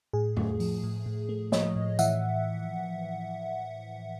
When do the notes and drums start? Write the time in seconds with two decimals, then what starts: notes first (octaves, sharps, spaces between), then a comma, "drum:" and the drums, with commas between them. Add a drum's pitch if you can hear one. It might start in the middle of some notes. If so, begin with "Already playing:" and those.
0.13 A2 G#4
0.37 A3, drum: tom F2
0.60 F3, drum: open hi-hat
0.83 A2
1.06 A2
1.29 A3
1.52 F3 C#5 D#5, drum: snare
1.76 A2
1.99 E3 E5 F#5, drum: tambourine